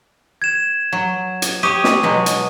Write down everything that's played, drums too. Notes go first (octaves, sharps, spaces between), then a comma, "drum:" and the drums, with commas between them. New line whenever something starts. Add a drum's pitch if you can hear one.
G#6 E7
F#3
drum: hi-hat
G4 C#5 C#6 D#6 D#7
drum: snare
B2 F#3 G#3
drum: hi-hat